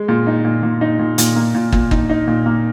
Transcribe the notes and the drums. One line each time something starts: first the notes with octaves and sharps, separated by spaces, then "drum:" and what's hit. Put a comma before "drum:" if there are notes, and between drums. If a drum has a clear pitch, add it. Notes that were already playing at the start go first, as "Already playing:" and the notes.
Already playing: G#3
A#2
D#4
A#2
A#2
D#4
A#2
A#2, drum: hi-hat
A#3
A#2
A#2, drum: kick
D#4, drum: kick
D#4
A#2
A#3